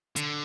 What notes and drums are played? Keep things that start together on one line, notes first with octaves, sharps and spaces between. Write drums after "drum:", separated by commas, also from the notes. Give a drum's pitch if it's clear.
D3, drum: hi-hat